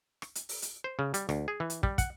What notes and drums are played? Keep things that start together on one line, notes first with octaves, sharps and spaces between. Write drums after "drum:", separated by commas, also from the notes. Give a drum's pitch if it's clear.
drum: rim click
drum: hi-hat
drum: open hi-hat
drum: hi-hat
C5
C#3
G3, drum: hi-hat
D2, drum: rim click
G#4
E3
drum: hi-hat
G3, drum: kick
F#5, drum: kick, hi-hat